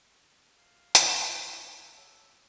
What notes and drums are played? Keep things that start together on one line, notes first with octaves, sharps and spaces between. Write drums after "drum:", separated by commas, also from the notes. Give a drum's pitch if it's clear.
F5
drum: hi-hat
D#4 F#4
G#4 C#5 G#5 A5 E6